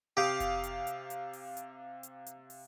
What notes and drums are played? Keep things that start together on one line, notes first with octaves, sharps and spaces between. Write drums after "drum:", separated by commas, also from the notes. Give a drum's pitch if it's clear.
C3 G4 F5 D#6
drum: kick F1, hi-hat
drum: hi-hat
drum: hi-hat
drum: hi-hat
drum: open hi-hat
drum: hi-hat
drum: hi-hat
drum: hi-hat
drum: open hi-hat